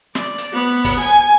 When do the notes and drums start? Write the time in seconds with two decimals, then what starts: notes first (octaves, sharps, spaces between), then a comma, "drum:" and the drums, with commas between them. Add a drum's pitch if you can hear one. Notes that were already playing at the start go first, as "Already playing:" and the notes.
0.15 D5, drum: snare
0.38 drum: hi-hat
0.53 B3
0.85 drum: kick, open hi-hat
1.00 G#5